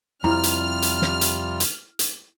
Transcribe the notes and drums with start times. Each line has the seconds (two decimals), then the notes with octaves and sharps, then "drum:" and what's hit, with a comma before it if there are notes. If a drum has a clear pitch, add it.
0.24 F2 C3 G3 E4 F4 F6
0.43 drum: hi-hat
0.82 drum: hi-hat
1.02 drum: snare
1.21 drum: hi-hat
1.60 drum: hi-hat
1.99 drum: hi-hat